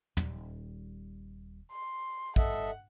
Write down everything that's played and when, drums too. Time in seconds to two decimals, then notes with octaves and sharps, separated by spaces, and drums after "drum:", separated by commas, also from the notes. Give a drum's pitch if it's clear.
0.17 D#1 G3, drum: tom
1.72 C6
2.36 G1 A4 D#5 E5 F#5, drum: kick